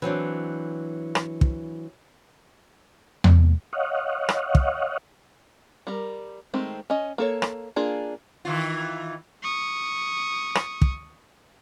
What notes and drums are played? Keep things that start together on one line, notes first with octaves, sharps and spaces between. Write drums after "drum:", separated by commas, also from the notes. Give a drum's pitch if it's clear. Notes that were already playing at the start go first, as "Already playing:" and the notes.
E3 F#3 C4 D4
drum: rim click
drum: kick
drum: tom E2
C#5 D#5 F5 F#5
drum: rim click
drum: kick
G3 A#4
D#3 G#3 A3 C4
C#4 D#5
A#3 A4 C#5
drum: rim click
A#3 D4 F4 G#4
D#3 E3 F4
C#6 D#6
drum: rim click
drum: kick